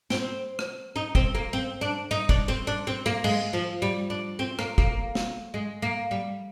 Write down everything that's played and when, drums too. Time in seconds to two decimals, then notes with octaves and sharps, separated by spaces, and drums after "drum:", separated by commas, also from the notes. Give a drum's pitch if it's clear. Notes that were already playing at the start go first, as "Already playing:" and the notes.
0.10 C4, drum: snare
0.59 drum: rim click
0.96 D#4
1.15 C4, drum: kick
1.35 A#3
1.53 C4
1.81 D4
2.11 D#4
2.29 D4, drum: kick
2.48 C4
2.67 D4
2.87 C4
3.06 A#3
3.24 G#3, drum: cymbal
3.53 F3
3.82 G3
4.10 D4
4.39 C4
4.59 A#3, drum: rim click
4.78 A#3, drum: kick
5.15 drum: snare
5.54 G#3
5.82 A#3
6.11 G3